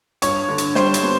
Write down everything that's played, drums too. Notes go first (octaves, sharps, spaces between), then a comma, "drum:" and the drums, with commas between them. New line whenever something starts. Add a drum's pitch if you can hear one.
G2 C#5 C#6, drum: hi-hat
D3
drum: hi-hat
G3 C5 C6, drum: snare
drum: hi-hat
B3